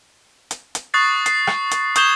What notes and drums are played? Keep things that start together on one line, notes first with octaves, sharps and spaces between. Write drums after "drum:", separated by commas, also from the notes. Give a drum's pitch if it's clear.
drum: hi-hat
drum: hi-hat
C#6 D#6 F#6 A6 C7
C7, drum: hi-hat
drum: rim click
drum: hi-hat
C#6 D#6 G6 G#6 E7 G7, drum: hi-hat